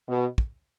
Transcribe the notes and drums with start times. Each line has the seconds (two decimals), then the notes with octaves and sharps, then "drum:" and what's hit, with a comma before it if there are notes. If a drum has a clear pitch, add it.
0.08 B2
0.38 drum: kick